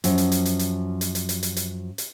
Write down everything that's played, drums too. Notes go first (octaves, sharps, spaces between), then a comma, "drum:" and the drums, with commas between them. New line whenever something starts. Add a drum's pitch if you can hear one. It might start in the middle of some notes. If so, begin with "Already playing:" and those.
F#2 F3, drum: hi-hat
drum: hi-hat
drum: hi-hat
drum: hi-hat
drum: hi-hat
drum: hi-hat
drum: hi-hat
drum: hi-hat
drum: hi-hat
drum: hi-hat
drum: hi-hat